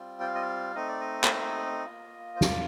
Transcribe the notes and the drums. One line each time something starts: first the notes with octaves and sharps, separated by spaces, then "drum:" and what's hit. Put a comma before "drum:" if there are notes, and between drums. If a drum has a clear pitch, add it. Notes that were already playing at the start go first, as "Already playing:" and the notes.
Already playing: G3 C4 F4
G5
F5
D#5
F5
A3 C4 D#4 D#5
D5
D#5
drum: clap
A#3 F4
C5
D5, drum: snare